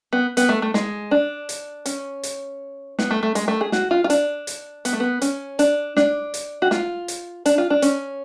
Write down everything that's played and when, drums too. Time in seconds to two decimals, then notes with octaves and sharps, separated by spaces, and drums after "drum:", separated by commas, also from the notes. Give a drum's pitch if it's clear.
0.13 B3
0.37 B3, drum: hi-hat
0.49 A3
0.62 A3
0.74 G#3, drum: snare
1.11 D4
1.49 drum: hi-hat
1.86 C#4, drum: hi-hat
2.23 drum: hi-hat
2.99 B3, drum: snare
3.11 A3
3.23 A3
3.35 G#3, drum: hi-hat
3.48 A3
3.61 G#4
3.72 F#4, drum: snare
3.91 F4
4.04 F4
4.10 D4, drum: hi-hat
4.47 drum: hi-hat
4.85 B3, drum: hi-hat
4.93 A3
5.00 B3
5.21 C#4, drum: hi-hat
5.59 D4, drum: hi-hat
5.97 D4, drum: snare
6.34 drum: hi-hat
6.62 F#4
6.71 F4, drum: snare
7.08 drum: hi-hat
7.46 D4, drum: hi-hat
7.58 F4
7.70 D4
7.82 C#4, drum: hi-hat